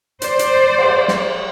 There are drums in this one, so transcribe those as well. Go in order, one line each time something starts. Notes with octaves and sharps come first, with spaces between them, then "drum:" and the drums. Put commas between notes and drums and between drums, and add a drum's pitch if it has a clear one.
C5 D5, drum: hi-hat
drum: hi-hat
drum: cymbal
drum: snare